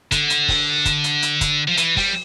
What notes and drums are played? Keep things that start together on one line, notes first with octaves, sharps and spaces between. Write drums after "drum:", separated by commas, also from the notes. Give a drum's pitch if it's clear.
D3, drum: kick, hi-hat
drum: hi-hat
drum: kick, open hi-hat
drum: kick, hi-hat
drum: hi-hat
drum: hi-hat
drum: kick, hi-hat
F3
E3, drum: hi-hat
G3, drum: kick, open hi-hat